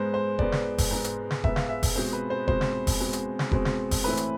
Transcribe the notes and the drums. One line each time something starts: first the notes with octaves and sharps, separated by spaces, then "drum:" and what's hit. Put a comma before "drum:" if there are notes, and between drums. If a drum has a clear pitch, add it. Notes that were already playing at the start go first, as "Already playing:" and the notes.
Already playing: G#2 G#3 B3 C5
C5
G#2 G#3 B3 D5, drum: kick F1
drum: snare
drum: kick F1, open hi-hat
G#2 G#3 B3
drum: hi-hat
drum: snare
G#2 G#3 B3 E5, drum: kick F1
F5, drum: snare
E5
drum: kick F1, open hi-hat
B2 G#3 C4 C5
B4
C5
B2 G#3 C4 C5, drum: kick F1
drum: snare
drum: kick F1, open hi-hat
B2 G#3 C4
drum: hi-hat
drum: snare
B2 G#3 C4, drum: kick F1
drum: snare
drum: kick F1, open hi-hat
A2 E3 A3 C4 B4
drum: hi-hat